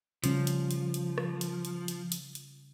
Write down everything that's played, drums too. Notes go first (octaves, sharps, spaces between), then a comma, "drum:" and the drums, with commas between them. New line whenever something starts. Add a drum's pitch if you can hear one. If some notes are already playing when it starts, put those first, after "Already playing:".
C#3 F3 G3 C#4, drum: hi-hat
drum: hi-hat
drum: hi-hat
drum: hi-hat
drum: rim click
drum: hi-hat
drum: hi-hat
drum: hi-hat
drum: hi-hat
drum: hi-hat